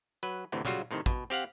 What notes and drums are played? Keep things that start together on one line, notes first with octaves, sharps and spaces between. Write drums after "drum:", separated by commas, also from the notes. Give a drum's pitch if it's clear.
F#3 B4
D2 A2 C3 E3
C#3 F#3 G3 F4 F#4, drum: tom
A2 C3 D#3
B2, drum: kick
C4 G4 F5 F#5